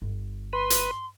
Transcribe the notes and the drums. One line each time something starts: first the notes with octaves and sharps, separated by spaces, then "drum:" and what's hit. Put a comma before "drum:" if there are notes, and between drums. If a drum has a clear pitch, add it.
G1
B4 C6
drum: hi-hat